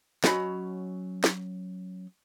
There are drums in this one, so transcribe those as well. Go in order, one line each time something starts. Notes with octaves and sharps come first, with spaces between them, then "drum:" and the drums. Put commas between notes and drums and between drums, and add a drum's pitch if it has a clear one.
F#3 C#4 D#5 B5, drum: snare
drum: snare